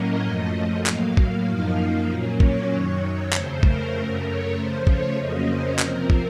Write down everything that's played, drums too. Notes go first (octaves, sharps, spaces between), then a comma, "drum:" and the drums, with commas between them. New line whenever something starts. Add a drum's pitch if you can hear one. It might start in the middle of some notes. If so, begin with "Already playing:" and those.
Already playing: A2 F#3 A#3 C#4 A#4 D#5
F#2 F3 A3
A2 F#3 A#3 F5, drum: clap
drum: kick
F#2 F3 A#3 D#4 F5
A#2 F#3 A#3 C#4
C#5, drum: kick
F#2 D#3 F#3
F2 C#3 A3 C5, drum: clap
A#4, drum: kick
F#2 C#3 A3 A#4
C#5
C#3 F3 A3 C5
C#5, drum: kick
F2 C#3 F#3 A#3 C#4 D#5
C5
C3 F3 C4 A#4, drum: clap
drum: kick